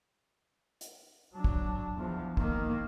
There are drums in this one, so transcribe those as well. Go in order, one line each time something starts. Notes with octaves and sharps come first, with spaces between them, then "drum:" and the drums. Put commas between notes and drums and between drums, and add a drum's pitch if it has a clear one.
drum: hi-hat
F#3 D4
drum: kick
E2 F3
D#3 A#3, drum: kick